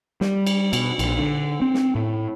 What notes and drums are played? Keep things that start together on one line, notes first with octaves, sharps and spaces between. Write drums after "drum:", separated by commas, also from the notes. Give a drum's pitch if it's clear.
G3, drum: snare
drum: cymbal
B2, drum: cymbal
A#1, drum: cymbal
D3
C4
drum: snare
A2